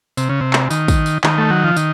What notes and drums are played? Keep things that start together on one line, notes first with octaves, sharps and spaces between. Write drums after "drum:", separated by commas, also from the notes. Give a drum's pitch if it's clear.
C3, drum: tambourine
C#3
C3
drum: clap
D#3, drum: tambourine
drum: kick, tambourine
drum: tambourine
D#3, drum: clap
A3
F#3
F3
D#3, drum: tambourine